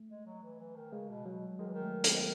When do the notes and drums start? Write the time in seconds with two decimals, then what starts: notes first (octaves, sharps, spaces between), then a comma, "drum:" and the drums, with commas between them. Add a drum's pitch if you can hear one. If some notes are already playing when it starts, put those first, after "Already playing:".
Already playing: A3
0.09 G#3
0.26 F#3
0.43 E3
0.60 E3
0.76 D#3
0.93 C#3 G#3
1.09 B2
1.25 B2 F#3
1.59 D#3 G#3
1.67 E3
1.74 D#3
1.82 A3
2.04 B3, drum: hi-hat